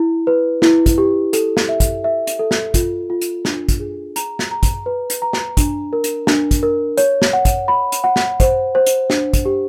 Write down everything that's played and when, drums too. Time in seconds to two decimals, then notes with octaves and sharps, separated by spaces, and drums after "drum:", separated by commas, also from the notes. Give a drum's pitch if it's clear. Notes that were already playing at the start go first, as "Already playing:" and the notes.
Already playing: E4
0.27 B4
0.62 E4, drum: snare
0.86 drum: kick, hi-hat
0.98 G4
1.33 A4, drum: hi-hat
1.57 drum: snare
1.69 E5
1.80 drum: kick, hi-hat
2.04 E5
2.27 drum: hi-hat
2.39 A4
2.51 drum: snare
2.74 F4, drum: kick, hi-hat
3.10 F4
3.21 drum: hi-hat
3.45 D4, drum: snare
3.69 drum: kick, hi-hat
3.80 G#4
4.16 A#5, drum: hi-hat
4.39 drum: snare
4.51 A#5
4.63 drum: kick, hi-hat
4.86 B4
5.10 drum: hi-hat
5.22 A#5
5.33 drum: snare
5.57 D4, drum: kick, hi-hat
5.93 A#4
6.04 drum: hi-hat
6.27 D4, drum: snare
6.51 drum: kick, hi-hat
6.63 A#4
6.98 C#5, drum: hi-hat
7.22 drum: snare
7.33 F#5
7.45 drum: kick, hi-hat
7.68 B5
7.92 drum: hi-hat
8.04 F#5
8.16 drum: snare
8.40 C5, drum: kick, hi-hat
8.75 C5
8.86 drum: hi-hat
9.10 D4, drum: snare
9.34 drum: kick, hi-hat
9.45 G4